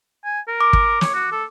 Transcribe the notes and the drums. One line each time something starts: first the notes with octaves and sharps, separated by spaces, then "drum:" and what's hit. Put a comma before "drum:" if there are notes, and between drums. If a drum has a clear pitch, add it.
G#5
A#4
D6
drum: kick
C#5, drum: snare
F#4
A4